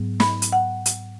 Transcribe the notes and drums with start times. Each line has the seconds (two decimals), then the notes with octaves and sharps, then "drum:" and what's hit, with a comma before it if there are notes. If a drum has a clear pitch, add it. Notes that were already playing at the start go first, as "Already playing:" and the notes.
Already playing: G#2 F#3 B3
0.20 B5, drum: snare
0.42 drum: hi-hat
0.52 F#5
0.86 drum: hi-hat